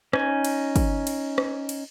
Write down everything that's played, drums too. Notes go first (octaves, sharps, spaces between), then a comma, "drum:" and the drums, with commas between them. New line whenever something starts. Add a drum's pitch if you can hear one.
C#4 D#4 G#5, drum: rim click
drum: cymbal
drum: kick, cymbal
drum: cymbal
drum: rim click
drum: cymbal